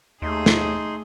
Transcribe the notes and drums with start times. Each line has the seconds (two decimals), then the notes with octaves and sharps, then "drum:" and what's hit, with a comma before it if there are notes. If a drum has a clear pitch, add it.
0.22 D#2 A3 D#4 G#4 C6
0.46 drum: snare